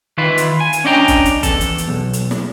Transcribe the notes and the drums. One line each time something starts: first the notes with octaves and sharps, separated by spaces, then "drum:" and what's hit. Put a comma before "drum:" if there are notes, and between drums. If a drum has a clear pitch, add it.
D#3 E3 E4 F4 B4
drum: hi-hat
G#5
drum: hi-hat
C#4 D4 D#5 G5 A5 A#5
drum: kick, hi-hat
drum: hi-hat
E2 A4, drum: kick, hi-hat
drum: hi-hat
drum: hi-hat
B1
drum: hi-hat
drum: snare